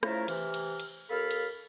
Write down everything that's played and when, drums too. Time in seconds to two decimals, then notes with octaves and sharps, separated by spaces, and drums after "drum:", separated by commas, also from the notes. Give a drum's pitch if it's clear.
0.03 C#3 F3 A3 E4 A#4, drum: rim click
0.28 C3 E3 F6, drum: cymbal
0.54 drum: cymbal
0.79 drum: cymbal
1.10 D#2 A#3 A4 F5 B5 F6
1.31 drum: cymbal